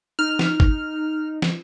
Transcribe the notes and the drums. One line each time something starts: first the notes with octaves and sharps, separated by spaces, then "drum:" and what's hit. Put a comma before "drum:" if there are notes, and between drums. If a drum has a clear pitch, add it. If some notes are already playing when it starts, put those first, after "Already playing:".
D#4 F6
drum: snare
drum: kick G#1
drum: snare